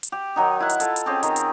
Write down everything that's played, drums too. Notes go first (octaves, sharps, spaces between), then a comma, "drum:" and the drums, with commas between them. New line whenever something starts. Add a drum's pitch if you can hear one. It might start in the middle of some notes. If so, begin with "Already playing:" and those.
drum: hi-hat
G4
D#3 F#3 D#4
E4 F#5
drum: hi-hat
F4 A4, drum: hi-hat
drum: hi-hat
C4 C#4 G4 G#4
D#3, drum: hi-hat
drum: hi-hat